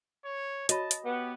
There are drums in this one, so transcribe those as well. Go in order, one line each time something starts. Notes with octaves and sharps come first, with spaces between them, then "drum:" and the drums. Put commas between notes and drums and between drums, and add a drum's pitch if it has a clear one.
C#5
F#4 C#5 D#5 A5 B5, drum: hi-hat
drum: hi-hat
B3 G4